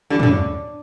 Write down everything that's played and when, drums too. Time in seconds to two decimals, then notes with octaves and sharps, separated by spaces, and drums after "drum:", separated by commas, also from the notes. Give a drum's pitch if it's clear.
0.10 D3 E3 G3
0.19 G2 B2, drum: tom
0.23 D3
0.29 A2 C#3